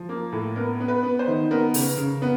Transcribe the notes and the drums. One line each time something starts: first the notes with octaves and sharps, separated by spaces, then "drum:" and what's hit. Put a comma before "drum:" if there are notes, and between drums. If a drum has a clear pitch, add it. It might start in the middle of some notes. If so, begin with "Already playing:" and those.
Already playing: F3
A#3
A2
B3 A#4
B3
B4
B3
C5
D#3
B3 A#4
C#3, drum: open hi-hat
C#3
B3